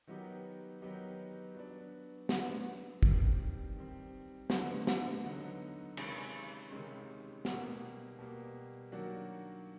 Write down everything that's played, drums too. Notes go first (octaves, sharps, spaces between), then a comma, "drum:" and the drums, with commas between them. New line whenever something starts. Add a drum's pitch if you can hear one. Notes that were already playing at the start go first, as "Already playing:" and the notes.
D#3 F#3 B3 D#4 G4
D#3 F#3 B3 D#4 G4
F#3 B3 D4
F#3 B3 D4, drum: snare
D#3 G3 C4, drum: kick
D#3 G3 C4
D3 F#3 B3 D#4, drum: snare
drum: snare
D3 F#3 B3 D#4
C3 D#3 G#3 C#4, drum: cymbal
C3 D#3 G#3 C#4
B2 G3 A#3, drum: snare
B2 G3 A#3
D#3 F#3 A#3 D4 F#4